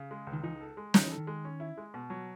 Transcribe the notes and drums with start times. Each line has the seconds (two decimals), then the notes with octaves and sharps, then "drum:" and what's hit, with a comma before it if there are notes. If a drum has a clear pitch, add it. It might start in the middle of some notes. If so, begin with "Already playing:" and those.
Already playing: C#3
0.11 G#3
0.27 C#2
0.33 D#3
0.44 E3 D#4
0.61 A4
0.77 G#3
0.94 D#3 D#4, drum: snare
1.06 E3 A4
1.17 D#3
1.27 G#3
1.44 C#4
1.60 E4
1.77 G#3
1.94 B2
2.10 F#3